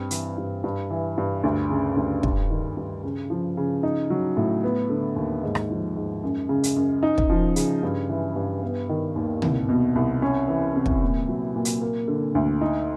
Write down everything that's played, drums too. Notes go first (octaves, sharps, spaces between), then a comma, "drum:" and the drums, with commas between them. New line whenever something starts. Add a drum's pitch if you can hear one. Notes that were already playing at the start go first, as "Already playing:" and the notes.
Already playing: G2 C4
E3, drum: hi-hat
G2
G2
E3
G2
D2
C#3
D2
G2, drum: kick
D#3
G2
C#3
F3
C#3
D#4
F#3
A2
B3
D3
D#2
G#2
drum: rim click
F3
G#2
F#2
C#3
drum: hi-hat
F#2
D#4
drum: kick
F3
C#3, drum: hi-hat
G2
E3
G2
B3
D#3
D#2
C2, drum: tom
B2
C2
C#4
E3
C3
drum: kick
A#2
F#3
A#2
drum: hi-hat
A#3
D3
D2
D#4